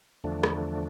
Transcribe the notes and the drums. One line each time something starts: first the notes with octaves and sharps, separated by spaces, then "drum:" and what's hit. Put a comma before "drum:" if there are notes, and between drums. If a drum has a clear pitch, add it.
E2 D3 F3 A3 D4
drum: rim click